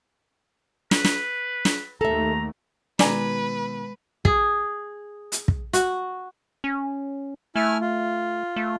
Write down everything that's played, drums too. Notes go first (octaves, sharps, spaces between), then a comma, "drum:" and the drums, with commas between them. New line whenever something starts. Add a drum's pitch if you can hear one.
B4, drum: snare
drum: snare
drum: snare
D#2 A3 A4 E5 A#5
B2 D#3 G#3 B4 D5 G#5 A#5, drum: snare
G#4, drum: kick
drum: hi-hat
drum: kick
F#4, drum: hi-hat
C#4
A3 E4 G#5 F6
F4
A3